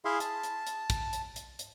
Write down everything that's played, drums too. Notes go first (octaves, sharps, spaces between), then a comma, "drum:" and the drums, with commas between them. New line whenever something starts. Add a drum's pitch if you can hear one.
E4 G#4 E5 F5 C6
A5, drum: hi-hat
drum: hi-hat
drum: hi-hat
drum: kick, hi-hat
drum: hi-hat
drum: hi-hat
drum: hi-hat